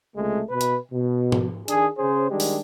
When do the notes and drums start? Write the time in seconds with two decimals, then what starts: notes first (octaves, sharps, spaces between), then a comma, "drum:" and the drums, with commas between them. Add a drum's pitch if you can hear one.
0.16 C#2 C3 G#3 A3
0.50 B2 B4
0.61 drum: hi-hat
0.92 B2
1.32 drum: tom
1.68 D#3 D4 G#4, drum: hi-hat
1.98 C#3 C#4 G#4 C5
2.30 D#3 G3 G#3 D4 G4
2.40 drum: open hi-hat